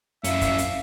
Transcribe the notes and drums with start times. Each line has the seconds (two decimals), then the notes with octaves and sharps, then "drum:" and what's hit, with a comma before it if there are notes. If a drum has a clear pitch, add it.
0.24 F#2 C#4 E4 E5 F5, drum: hi-hat
0.41 drum: kick, hi-hat
0.58 drum: hi-hat